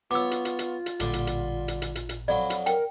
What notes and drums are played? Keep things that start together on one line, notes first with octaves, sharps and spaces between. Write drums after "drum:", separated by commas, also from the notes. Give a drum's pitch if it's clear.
B3 F4 C#5 D6 E6
drum: hi-hat
drum: hi-hat
drum: hi-hat
drum: hi-hat
A1 A#2 D3 G3, drum: hi-hat
drum: hi-hat
drum: hi-hat
drum: hi-hat
drum: hi-hat
drum: hi-hat
drum: hi-hat
F2 F#3 D5 B5
drum: hi-hat
A#4 G5, drum: hi-hat